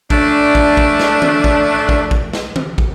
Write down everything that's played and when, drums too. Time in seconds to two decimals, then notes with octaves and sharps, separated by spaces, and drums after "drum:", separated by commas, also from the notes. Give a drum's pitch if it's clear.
0.10 A3 C#4 D4, drum: kick
0.55 drum: kick
0.77 drum: kick
1.00 drum: snare
1.22 drum: tom D#3
1.44 drum: kick
1.89 drum: kick
2.11 drum: kick
2.33 drum: snare
2.56 drum: tom D#3
2.78 drum: kick